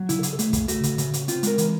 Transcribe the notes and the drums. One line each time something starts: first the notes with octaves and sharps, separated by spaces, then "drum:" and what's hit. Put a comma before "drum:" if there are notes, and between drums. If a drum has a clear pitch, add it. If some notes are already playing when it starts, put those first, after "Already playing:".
Already playing: F#3
C#3 E4, drum: hi-hat
A4
C#3 G#4, drum: hi-hat
A4
A3 G#4, drum: hi-hat
C#3 G#4, drum: kick, hi-hat
A3 F#4, drum: hi-hat
C#3, drum: hi-hat
C#3, drum: hi-hat
C#3, drum: hi-hat
C4 F4, drum: hi-hat
G#3 A#4, drum: hi-hat
E3, drum: hi-hat